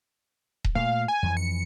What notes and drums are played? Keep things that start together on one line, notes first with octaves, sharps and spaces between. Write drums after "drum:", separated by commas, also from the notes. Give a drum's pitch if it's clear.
drum: kick D#1
A#2 A3 F5
G#5
F2 E3
C#7